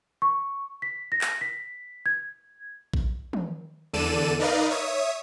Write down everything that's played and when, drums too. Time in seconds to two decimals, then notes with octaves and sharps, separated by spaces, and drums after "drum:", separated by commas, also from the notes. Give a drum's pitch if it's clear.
0.22 C#6
0.82 B6
1.12 A#6
1.21 drum: clap
1.41 B6
2.06 G#6
2.94 drum: kick A#1
3.33 drum: tom
3.93 E2 D3 A4 D5 D#7 E7, drum: tom
4.39 D#4 A#4 B4 D5 D#5 F5
4.70 C#5 E5 D#6